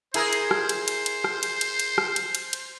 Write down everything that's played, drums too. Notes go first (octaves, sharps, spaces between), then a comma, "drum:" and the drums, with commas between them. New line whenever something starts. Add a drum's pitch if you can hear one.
E4 G#4 A#4 C5, drum: cymbal
drum: cymbal
drum: rim click
drum: cymbal
drum: cymbal
drum: cymbal
drum: rim click
drum: cymbal
drum: cymbal
drum: cymbal
drum: rim click
drum: cymbal
drum: cymbal
drum: cymbal